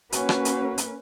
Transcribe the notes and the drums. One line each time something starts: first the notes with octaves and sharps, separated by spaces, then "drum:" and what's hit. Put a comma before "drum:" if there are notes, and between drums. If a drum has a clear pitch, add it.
A#3 C#4 F#4 B4, drum: hi-hat
drum: rim click
drum: hi-hat
drum: hi-hat